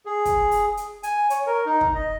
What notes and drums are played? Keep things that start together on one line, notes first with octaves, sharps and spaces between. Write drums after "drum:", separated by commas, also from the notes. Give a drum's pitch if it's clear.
G#4
drum: kick, hi-hat
drum: open hi-hat
drum: hi-hat
G#5, drum: hi-hat
C#5, drum: hi-hat
A#4
D#4
drum: kick
D#5